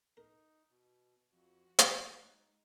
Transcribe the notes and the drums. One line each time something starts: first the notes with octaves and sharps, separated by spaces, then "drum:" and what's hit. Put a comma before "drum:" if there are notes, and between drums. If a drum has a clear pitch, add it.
D#4 A#4
B2
F2 F3 F#4
F#6, drum: hi-hat
G#3 D#4